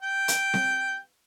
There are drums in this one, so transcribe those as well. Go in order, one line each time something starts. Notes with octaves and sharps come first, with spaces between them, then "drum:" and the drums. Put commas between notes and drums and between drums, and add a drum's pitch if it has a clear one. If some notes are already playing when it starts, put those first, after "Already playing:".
G5
drum: hi-hat
drum: snare C4